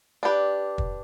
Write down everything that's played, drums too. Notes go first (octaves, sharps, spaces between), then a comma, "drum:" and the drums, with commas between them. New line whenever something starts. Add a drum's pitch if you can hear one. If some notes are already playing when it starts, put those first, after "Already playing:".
D4 G4 B4
drum: kick